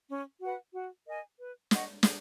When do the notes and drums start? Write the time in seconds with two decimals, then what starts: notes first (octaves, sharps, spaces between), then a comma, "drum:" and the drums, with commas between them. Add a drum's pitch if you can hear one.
0.10 C#4
0.41 F#4 B4 F#5
0.74 F#4
1.06 A#4 D#5 G#5
1.39 B4
1.71 D#5 F#5 C#6, drum: snare
2.03 G#4, drum: snare